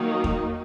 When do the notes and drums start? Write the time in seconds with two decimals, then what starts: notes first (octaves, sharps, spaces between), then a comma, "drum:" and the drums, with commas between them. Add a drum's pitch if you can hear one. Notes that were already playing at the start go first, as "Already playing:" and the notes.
Already playing: D#3 F#3 A#3 D#4
0.24 drum: kick E2